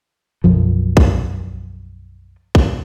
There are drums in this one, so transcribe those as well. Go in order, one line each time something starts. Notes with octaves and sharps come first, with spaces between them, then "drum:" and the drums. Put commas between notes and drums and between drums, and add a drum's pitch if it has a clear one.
B1 F#2 F3
drum: kick
drum: kick